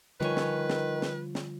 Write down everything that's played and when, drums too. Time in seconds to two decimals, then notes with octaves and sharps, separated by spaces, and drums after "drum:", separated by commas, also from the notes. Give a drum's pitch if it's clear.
0.20 D3 D#3 F3 G3 B4 C#5 G#5
0.37 drum: snare
0.70 drum: snare
1.02 drum: snare
1.35 drum: snare